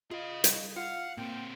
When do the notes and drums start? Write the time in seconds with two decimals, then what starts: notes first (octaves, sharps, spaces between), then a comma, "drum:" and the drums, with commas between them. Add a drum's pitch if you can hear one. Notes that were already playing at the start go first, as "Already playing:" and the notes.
0.11 F4 G#4 D#5 F5
0.44 G3, drum: hi-hat
0.76 F4 F5 F#5
1.17 A#2 A#3 C4 G5